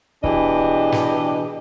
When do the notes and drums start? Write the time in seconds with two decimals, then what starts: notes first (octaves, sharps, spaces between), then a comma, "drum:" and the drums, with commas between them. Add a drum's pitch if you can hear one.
0.24 B2 E3 D4 G4 G#4 D#5, drum: kick
0.92 drum: snare